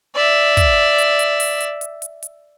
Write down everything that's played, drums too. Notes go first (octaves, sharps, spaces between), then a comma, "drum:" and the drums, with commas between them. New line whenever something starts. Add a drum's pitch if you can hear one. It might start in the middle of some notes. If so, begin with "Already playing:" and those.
D5 E5
drum: kick, hi-hat
drum: hi-hat
drum: hi-hat
drum: open hi-hat
drum: hi-hat
drum: hi-hat
drum: hi-hat
drum: hi-hat